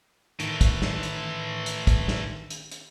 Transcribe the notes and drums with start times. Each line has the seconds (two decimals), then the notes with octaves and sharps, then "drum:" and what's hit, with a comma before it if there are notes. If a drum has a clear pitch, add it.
0.40 A2 D#3 E3, drum: hi-hat
0.61 drum: kick, hi-hat
0.82 drum: snare
1.03 drum: hi-hat
1.66 drum: hi-hat
1.87 drum: kick, hi-hat
2.08 drum: snare
2.50 drum: hi-hat
2.72 drum: hi-hat